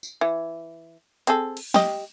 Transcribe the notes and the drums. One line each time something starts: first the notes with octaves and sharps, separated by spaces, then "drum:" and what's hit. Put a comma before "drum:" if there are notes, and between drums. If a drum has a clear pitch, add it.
drum: tambourine
E3
C4 G#4 A4, drum: hi-hat
drum: cymbal
G4 D#5, drum: snare